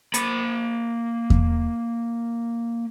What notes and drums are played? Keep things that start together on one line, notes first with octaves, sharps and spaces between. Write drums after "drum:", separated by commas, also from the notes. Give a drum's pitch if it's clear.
A#3 B5, drum: hi-hat
drum: kick E2